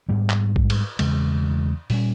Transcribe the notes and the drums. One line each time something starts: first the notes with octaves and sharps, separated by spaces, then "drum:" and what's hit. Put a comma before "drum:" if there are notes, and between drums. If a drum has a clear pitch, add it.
G#2 G3 B3
drum: clap
drum: kick A#1
drum: cymbal
E2 C#3 G#3, drum: cymbal
A#2 G3 C#4, drum: open hi-hat